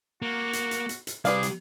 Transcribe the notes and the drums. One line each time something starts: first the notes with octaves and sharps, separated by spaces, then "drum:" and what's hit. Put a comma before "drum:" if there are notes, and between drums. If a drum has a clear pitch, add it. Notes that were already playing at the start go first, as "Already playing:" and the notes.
A#3 F#4
drum: hi-hat
drum: hi-hat
drum: hi-hat
drum: hi-hat
C3 G3 G#4 B4 D5 F5, drum: hi-hat
drum: hi-hat